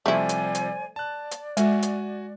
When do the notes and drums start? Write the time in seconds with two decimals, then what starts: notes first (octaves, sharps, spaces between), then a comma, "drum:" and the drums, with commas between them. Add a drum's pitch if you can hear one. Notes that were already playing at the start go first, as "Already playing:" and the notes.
0.06 C3 F3 G3 A3 E4 C5 D5 G#5
0.29 drum: hi-hat
0.55 drum: hi-hat
0.96 D5 A5 F#6
1.31 drum: hi-hat
1.57 G#3 F#4 G#5, drum: hi-hat
1.82 drum: hi-hat